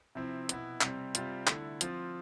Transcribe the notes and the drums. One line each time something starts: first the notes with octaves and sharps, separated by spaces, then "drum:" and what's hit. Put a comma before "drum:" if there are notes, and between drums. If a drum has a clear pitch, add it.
C3 F3 C4 E4
B2 B3 E4, drum: hi-hat
C3 G3 C4, drum: clap
C3 G3 C4 F4, drum: hi-hat
D3 A3 E4, drum: clap
F3 C4 F4, drum: hi-hat